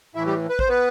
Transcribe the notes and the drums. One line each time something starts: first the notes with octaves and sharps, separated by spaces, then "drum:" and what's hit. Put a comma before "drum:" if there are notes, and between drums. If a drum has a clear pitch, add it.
A2 E3 E4 E5
G3 G4
B4
C5, drum: kick A1
B3 B4